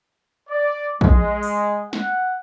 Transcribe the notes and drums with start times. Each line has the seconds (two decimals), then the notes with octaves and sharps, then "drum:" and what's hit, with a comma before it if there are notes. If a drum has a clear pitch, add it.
0.49 D5
1.01 G#3, drum: kick
1.43 drum: open hi-hat
1.93 F#5, drum: snare